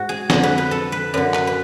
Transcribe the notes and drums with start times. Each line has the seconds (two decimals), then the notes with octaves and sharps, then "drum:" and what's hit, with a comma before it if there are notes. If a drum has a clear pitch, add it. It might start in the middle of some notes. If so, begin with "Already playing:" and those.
Already playing: G#2 F#4
0.09 G#4
0.30 F2 D3 G#4, drum: snare
0.43 B4
0.58 B4
0.71 A4
0.92 B4
1.14 F#2 D3 B4
1.34 B4, drum: clap
1.47 B4